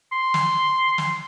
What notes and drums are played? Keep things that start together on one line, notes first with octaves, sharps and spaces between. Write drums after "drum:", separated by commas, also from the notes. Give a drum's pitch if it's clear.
C6
drum: snare
drum: snare